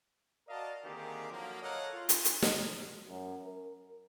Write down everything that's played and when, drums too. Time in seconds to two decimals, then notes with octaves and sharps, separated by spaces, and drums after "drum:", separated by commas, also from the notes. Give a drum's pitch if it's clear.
0.48 F#4 A#4 D5 D#5 F5 A5
0.84 D3 D#3 A#3 C4 G4 G#4
1.31 D3 F3 F#3 A#3
1.62 A4 A#4 C#5 D#5 F5 F#5
1.93 F4
2.09 drum: hi-hat
2.25 drum: hi-hat
2.42 drum: snare
3.09 F#2
3.44 A#4